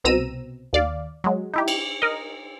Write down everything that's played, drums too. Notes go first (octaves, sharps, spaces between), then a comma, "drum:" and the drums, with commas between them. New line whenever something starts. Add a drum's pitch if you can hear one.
C2 B2 C4 A#5 E6 D#7
D#2 D5 F5
F#3 G#3
D#4 E4 G4
drum: cymbal
A#4 D#5